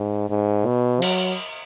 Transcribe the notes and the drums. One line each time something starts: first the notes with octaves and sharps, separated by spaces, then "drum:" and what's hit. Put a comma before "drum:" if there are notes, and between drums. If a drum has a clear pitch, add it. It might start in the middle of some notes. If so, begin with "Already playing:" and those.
Already playing: G#2
G#2
B2
F#3, drum: cymbal